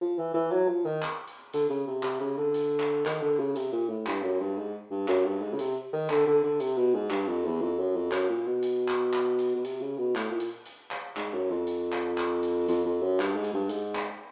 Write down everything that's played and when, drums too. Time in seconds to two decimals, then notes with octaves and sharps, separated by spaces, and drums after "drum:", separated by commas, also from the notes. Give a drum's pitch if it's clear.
0.01 F3
0.18 E3
0.34 E3
0.52 F#3
0.68 F3
0.85 D#3
1.02 drum: clap
1.28 drum: hi-hat
1.54 D3, drum: hi-hat
1.69 C#3
1.87 C3
2.03 C3, drum: clap
2.21 C#3
2.37 D3
2.54 drum: hi-hat
2.80 drum: clap
3.05 D#3, drum: clap
3.22 D3
3.39 C#3
3.56 C3, drum: hi-hat
3.72 A#2
3.89 A2
4.06 G2, drum: clap
4.23 F#2
4.40 G2
4.58 G#2
4.91 G2
5.08 F#2, drum: clap
5.25 G2
5.41 G#2
5.53 C#3
5.59 C3, drum: hi-hat
5.93 D#3
6.10 D3, drum: clap
6.27 D3
6.44 D3
6.60 C3, drum: hi-hat
6.77 B2
6.94 G#2
7.10 G2, drum: clap
7.28 F2
7.45 E2
7.61 F2
7.79 F#2
7.96 F2
8.11 F#2, drum: clap
8.29 A#2
8.46 B2
8.63 drum: hi-hat
8.88 drum: clap
9.13 drum: clap
9.39 drum: hi-hat
9.55 B2
9.65 C3, drum: hi-hat
9.81 C#3
9.98 B2
10.15 A2, drum: clap
10.31 A#2
10.40 drum: hi-hat
10.66 drum: hi-hat
10.91 drum: clap
11.17 G#2, drum: clap
11.34 F#2
11.50 F2
11.67 drum: hi-hat
11.92 drum: clap
12.18 drum: clap
12.43 drum: hi-hat
12.68 F2, drum: hi-hat
12.85 F2
13.02 F#2
13.20 G2, drum: clap
13.35 G#2
13.44 drum: hi-hat
13.53 G2
13.69 G#2, drum: hi-hat
13.95 drum: clap